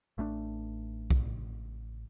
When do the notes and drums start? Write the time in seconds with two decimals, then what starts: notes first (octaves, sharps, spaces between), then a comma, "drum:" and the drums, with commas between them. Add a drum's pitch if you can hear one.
0.18 A1 A3 C#4 D4
1.10 drum: kick B1